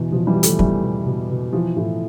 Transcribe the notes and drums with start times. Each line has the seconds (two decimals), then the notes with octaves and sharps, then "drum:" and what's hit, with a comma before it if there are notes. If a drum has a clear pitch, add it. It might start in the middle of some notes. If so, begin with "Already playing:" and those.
Already playing: E2 B2 E3
0.12 B2 F3
0.27 E3 G3
0.36 E2
0.43 F3 A3, drum: hi-hat
0.59 E2 E3 G3, drum: kick
0.82 B2
1.06 B2
1.29 B2
1.53 E3 F3
1.77 A2